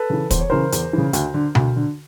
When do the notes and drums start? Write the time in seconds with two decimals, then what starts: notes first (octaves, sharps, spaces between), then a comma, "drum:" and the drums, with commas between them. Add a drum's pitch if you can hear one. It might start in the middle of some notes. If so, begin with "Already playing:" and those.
Already playing: A4 B4
0.10 C#3 E3
0.31 E2 C5, drum: kick, hi-hat
0.40 C#5
0.50 C#3 E3 A#4 C5
0.72 E2, drum: hi-hat
0.93 C#3 E3
1.13 D2, drum: hi-hat
1.34 D3
1.55 D2, drum: tom B2
1.76 D3